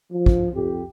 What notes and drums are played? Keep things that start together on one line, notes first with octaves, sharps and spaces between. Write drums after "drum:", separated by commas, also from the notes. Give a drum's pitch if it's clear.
F3
drum: kick
F2 G4